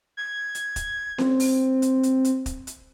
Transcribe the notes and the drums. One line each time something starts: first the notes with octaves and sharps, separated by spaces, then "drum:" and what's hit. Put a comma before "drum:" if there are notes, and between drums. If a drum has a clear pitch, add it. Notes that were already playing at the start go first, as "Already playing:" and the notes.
G#6
drum: hi-hat
drum: kick, hi-hat
C4, drum: snare C#4
drum: open hi-hat
drum: hi-hat
drum: hi-hat
drum: hi-hat
drum: kick, hi-hat
drum: hi-hat